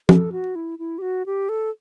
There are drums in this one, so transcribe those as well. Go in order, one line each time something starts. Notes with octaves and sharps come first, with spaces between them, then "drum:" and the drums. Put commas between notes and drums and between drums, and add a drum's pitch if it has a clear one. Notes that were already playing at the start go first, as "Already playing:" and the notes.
A4, drum: tom
F#4
E4
E4
G4
F#4
G4
A4